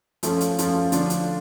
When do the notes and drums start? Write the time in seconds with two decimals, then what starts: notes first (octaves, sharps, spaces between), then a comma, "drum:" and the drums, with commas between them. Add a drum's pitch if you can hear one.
0.23 F3 A3 C#4 F4, drum: hi-hat
0.41 drum: hi-hat
0.59 F3 A3 C#4 F4, drum: hi-hat
0.92 D3 F3 A3 D4 F4, drum: hi-hat
1.10 drum: hi-hat